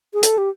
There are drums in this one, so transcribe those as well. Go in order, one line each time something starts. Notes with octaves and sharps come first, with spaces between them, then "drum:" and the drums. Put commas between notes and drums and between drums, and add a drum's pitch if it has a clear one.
G#4
A4, drum: hi-hat
G4